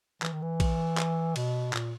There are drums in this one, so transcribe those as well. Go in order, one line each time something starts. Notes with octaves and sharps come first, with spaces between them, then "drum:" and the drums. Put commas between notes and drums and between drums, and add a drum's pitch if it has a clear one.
E3, drum: clap
D#3
E3
drum: kick A#1, cymbal
drum: clap
B2, drum: cymbal
A#2, drum: clap